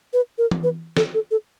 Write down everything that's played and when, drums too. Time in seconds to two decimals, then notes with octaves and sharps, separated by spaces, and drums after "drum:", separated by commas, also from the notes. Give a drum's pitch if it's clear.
0.13 B4
0.38 A#4
0.51 drum: tom E3
0.64 B4
0.97 A4, drum: snare
1.14 A4
1.31 A4